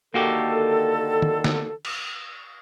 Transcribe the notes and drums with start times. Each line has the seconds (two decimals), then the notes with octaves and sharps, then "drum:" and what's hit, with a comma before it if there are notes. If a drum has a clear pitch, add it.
0.14 D3 D#3 A#3 F#4 G4 A4
1.22 drum: tom
1.44 drum: snare
1.85 drum: cymbal